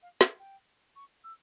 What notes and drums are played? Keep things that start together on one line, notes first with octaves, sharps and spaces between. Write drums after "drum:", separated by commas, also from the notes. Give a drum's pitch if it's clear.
F5
F5, drum: snare
G5
C#6
E6